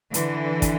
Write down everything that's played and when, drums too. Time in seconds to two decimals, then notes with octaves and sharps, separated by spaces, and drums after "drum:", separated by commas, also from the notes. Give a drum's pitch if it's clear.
0.14 D3 E3, drum: hi-hat
0.62 drum: kick, hi-hat